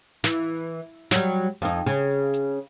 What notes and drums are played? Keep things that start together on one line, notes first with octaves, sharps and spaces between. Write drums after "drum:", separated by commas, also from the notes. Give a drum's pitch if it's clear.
E3, drum: snare
F#3 G3, drum: snare
F2 D#4
C#3
drum: hi-hat